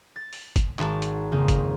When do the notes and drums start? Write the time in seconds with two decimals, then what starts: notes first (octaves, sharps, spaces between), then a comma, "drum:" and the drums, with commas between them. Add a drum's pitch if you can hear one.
0.16 A6
0.33 drum: open hi-hat
0.56 drum: kick, hi-hat
0.79 G#1 F#4 A5, drum: clap
1.02 drum: hi-hat
1.31 F2 C#3 A#3 C4 D#4
1.48 drum: kick, hi-hat